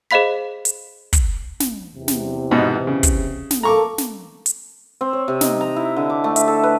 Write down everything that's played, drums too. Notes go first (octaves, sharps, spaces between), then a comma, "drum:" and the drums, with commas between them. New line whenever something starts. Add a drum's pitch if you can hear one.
G#4 C5 D#5 F5 B5 B6
drum: hi-hat
drum: kick, hi-hat
drum: snare
E2 C3
drum: snare
G#2 B2 B3
C#3
drum: kick, hi-hat
drum: snare
A#3 A4 A#5 C#6 D6
drum: snare
drum: hi-hat
C4
C#5
C3
D#4, drum: snare
A#5
E4
D3
D6
A3
E5, drum: hi-hat
A4
B4